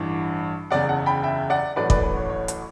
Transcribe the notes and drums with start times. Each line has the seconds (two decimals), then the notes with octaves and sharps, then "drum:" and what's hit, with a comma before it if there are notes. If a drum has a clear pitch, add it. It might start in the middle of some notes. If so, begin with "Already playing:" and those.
Already playing: A1 G2 E3
0.71 F#1 E2 C#3 D5 F#5
0.89 F#5 A5
1.06 G5 B5
1.23 E5 G5
1.50 D5 F#5
1.76 A1 A2 F#3 B4 D5
1.90 B4 D5, drum: kick
2.03 B4
2.16 C#5
2.29 C#5
2.48 drum: hi-hat